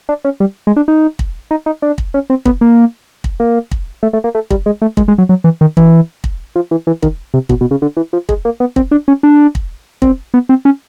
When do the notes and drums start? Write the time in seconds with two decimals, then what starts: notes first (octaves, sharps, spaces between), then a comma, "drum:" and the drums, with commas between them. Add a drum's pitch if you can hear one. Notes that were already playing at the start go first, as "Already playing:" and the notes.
0.09 D4
0.25 C#4
0.40 G3
0.67 G#3
0.76 D4
0.88 D#4
1.19 drum: kick
1.51 D#4
1.66 D#4
1.82 D4
1.98 drum: kick
2.14 C#4
2.30 C4
2.45 B3, drum: kick
2.61 A#3
3.24 drum: kick
3.40 A#3
3.71 drum: kick
4.03 A3
4.13 A3
4.24 A#3
4.35 A3
4.51 G3, drum: kick
4.66 G#3
4.82 A3
4.97 G#3, drum: kick
5.08 G#3
5.18 F#3
5.29 F#3
5.44 E3
5.61 D#3
5.77 E3, drum: kick
6.24 drum: kick
6.56 F3
6.71 E3
6.87 E3
7.02 D#3, drum: kick
7.34 C3
7.49 B2, drum: kick
7.61 B2
7.71 C#3
7.82 D3
7.97 E3
8.13 F3
8.29 G#3, drum: kick
8.45 A#3
8.60 B3
8.76 C4, drum: kick
8.91 D4
9.08 C#4
9.23 D4
9.55 drum: kick
10.02 C4, drum: kick
10.34 B3
10.49 C4
10.65 C#4